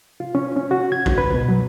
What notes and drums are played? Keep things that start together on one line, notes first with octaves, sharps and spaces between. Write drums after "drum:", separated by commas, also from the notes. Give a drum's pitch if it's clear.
F4
C#4
C#4
F#4
G#6
D2, drum: kick A#1
B4
B2
F#3